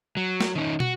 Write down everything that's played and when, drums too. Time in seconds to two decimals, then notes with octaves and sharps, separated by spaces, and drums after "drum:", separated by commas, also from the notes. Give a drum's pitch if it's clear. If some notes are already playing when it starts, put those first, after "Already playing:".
0.17 F#3
0.41 drum: snare
0.55 D#3 C#4 D#4
0.80 F#4, drum: tom